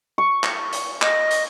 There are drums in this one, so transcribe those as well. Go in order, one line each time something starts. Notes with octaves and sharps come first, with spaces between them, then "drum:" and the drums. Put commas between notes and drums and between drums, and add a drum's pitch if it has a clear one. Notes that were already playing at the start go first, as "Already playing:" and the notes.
C#6
drum: clap
drum: hi-hat
D#5, drum: clap
drum: hi-hat